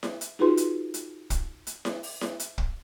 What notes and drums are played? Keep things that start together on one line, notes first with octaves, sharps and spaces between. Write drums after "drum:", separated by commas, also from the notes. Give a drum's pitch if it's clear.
drum: snare E4
drum: hi-hat
D#4 F4 F#4 G#4 B4 C6
drum: hi-hat
drum: hi-hat
drum: kick, hi-hat
drum: hi-hat
drum: snare E4
drum: open hi-hat
drum: snare E4
drum: hi-hat
drum: kick